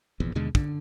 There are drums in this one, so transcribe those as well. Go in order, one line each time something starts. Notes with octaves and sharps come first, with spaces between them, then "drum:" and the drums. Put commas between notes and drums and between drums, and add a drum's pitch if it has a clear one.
F1 A#1 E2
D#2 B2 D3 G#3
D3, drum: kick